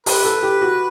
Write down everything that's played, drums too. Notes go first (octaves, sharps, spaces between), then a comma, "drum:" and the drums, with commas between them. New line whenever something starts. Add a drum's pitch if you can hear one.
G4 B4, drum: open hi-hat
A4
G4
F#4